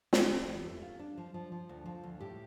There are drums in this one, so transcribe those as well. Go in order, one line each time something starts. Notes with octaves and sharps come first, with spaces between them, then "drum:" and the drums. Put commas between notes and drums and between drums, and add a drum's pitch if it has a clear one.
D3 G4, drum: snare
C4
E2
A3
F4
D4
F3
F3
F3
D2
F3
D2
A2 G4